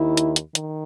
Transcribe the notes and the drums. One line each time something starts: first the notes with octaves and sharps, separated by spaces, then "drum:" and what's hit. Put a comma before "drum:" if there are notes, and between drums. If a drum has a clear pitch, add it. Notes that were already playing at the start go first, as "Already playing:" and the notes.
Already playing: D#2 D#3 E4
drum: hi-hat
drum: hi-hat
D#3, drum: hi-hat